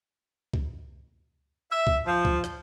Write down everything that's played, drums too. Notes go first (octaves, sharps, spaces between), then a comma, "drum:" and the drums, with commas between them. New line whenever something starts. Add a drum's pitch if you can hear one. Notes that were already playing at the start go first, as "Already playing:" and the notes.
drum: kick C#2
E5
drum: kick C#2
F3
drum: kick C#2
drum: rim click